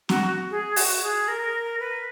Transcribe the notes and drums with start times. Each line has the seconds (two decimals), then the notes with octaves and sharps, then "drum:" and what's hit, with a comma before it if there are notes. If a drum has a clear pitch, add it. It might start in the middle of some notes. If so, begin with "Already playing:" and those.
0.09 F#4, drum: snare C4
0.51 G#4
0.76 F#4, drum: open hi-hat
1.03 G#4
1.28 A#4
1.79 B4